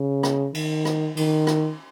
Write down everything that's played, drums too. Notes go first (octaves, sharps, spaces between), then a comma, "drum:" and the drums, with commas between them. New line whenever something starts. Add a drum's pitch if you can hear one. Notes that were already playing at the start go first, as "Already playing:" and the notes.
Already playing: C#3
drum: rim click
D#3, drum: cymbal
drum: rim click
D#3, drum: cymbal
drum: rim click